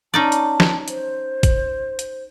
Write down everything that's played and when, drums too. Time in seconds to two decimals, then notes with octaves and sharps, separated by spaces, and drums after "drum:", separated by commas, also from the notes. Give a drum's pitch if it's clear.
0.14 C#4 D#4 D5 A5
0.32 drum: hi-hat
0.60 drum: snare
0.88 C5, drum: hi-hat
1.43 drum: kick, hi-hat
1.99 drum: hi-hat